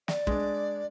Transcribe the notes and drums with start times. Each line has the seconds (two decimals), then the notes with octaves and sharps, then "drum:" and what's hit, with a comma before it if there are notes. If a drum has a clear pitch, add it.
0.08 D5, drum: snare
0.27 G#3 D4, drum: kick